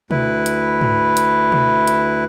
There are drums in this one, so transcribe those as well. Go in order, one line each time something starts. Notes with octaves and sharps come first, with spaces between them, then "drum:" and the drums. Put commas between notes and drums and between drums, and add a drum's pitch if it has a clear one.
D2 E4 B4, drum: tom B2
drum: hi-hat
drum: tom G#2
drum: hi-hat
drum: tom B2
drum: hi-hat